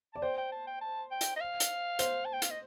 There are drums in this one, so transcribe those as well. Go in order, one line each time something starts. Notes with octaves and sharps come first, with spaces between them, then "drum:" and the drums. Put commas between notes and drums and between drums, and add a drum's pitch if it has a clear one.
D5 A5
C5 G5
G5
A5
G5
A5
G5
drum: hi-hat
D#5
F5
drum: hi-hat
C5, drum: hi-hat
A5
G5
F5, drum: hi-hat
D#5